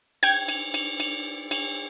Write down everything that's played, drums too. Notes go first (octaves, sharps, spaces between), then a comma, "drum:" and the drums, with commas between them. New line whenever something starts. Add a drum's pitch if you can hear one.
G5 G#6, drum: cymbal
drum: cymbal
drum: cymbal
drum: cymbal
drum: cymbal